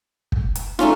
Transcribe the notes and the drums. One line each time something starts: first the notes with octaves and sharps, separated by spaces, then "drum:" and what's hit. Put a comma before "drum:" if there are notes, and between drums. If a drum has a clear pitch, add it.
drum: kick
drum: hi-hat
A3 C#4 D#4 F4, drum: rim click